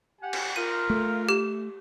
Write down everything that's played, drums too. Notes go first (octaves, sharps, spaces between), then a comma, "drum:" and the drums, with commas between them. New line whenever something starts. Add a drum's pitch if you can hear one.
G4 F#5 G#5
drum: cymbal
F4 A#4 D#7
A3
G4 E7